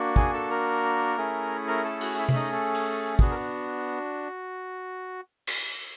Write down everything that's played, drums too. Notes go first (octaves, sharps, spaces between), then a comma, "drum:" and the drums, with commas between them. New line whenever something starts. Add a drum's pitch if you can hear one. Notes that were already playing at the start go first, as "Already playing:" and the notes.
Already playing: A#3 D4 F#4
G#4 G#5, drum: kick
A4 A5
A#4 A#5
A3 C#4 E4 G#4
A#4 A#5
A4 A5
F#4 F#5, drum: open hi-hat
E4 E5
E5, drum: tom C3
D#4 D#5
A4
drum: open hi-hat
B3 D4 F#4 G#4, drum: kick
A#4
drum: cymbal